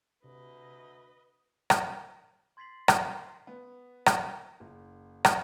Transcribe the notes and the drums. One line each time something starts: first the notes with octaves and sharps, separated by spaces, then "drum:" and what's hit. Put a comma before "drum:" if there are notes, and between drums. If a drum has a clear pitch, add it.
D2 C3 B4 D#5
drum: rim click
C6 G#6 A6 B6 C7 F#7
drum: rim click
B3
drum: rim click
F#1
drum: rim click